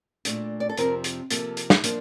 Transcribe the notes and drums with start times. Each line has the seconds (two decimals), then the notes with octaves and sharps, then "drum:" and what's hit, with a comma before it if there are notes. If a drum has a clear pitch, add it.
0.25 A#2 A3 D4, drum: hi-hat
0.60 D5
0.69 A4
0.78 F2 C3 F3 C4 A#4, drum: hi-hat
1.04 drum: hi-hat
1.30 C3 F3 A#3 A4, drum: hi-hat
1.57 drum: hi-hat
1.70 drum: snare
1.84 F3 A#3 D4, drum: hi-hat